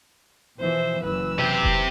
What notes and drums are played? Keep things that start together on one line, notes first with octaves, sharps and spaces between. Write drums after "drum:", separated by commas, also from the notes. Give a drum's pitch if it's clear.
B2 E3 F3 C5 E5
F#1 E3 F#3 B4 E6
C3 G4
drum: kick E1